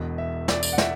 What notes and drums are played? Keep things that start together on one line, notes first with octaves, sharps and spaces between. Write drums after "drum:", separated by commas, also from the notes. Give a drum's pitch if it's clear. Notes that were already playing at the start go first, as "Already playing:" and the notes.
Already playing: E1 E2 B2
E5
D5, drum: snare
D5, drum: tambourine
F#5
E5, drum: snare